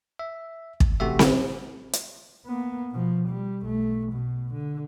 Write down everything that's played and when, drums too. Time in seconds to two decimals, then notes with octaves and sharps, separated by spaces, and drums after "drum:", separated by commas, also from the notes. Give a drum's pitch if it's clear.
0.19 E5
0.80 drum: kick
1.00 A1 C3 A3 F#4 G4 E5
1.19 drum: snare C4
1.93 drum: hi-hat
2.46 A#3 B3
2.92 B2 F3
3.28 G3
3.62 B1 A3
4.12 B2
4.53 D3